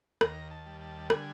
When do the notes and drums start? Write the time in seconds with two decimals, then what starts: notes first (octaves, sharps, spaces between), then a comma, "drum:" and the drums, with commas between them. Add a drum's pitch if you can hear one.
0.21 D#2 A#5, drum: rim click
0.51 A5
0.66 G3
0.81 A5
1.10 D3 G#5, drum: rim click